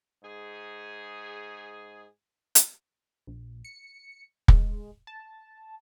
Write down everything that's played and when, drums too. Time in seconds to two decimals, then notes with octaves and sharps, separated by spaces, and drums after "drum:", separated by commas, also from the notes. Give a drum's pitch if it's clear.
0.23 G#2 G#4
2.55 drum: hi-hat
3.27 A#1
3.65 C#7
4.48 G#3, drum: kick
5.07 A5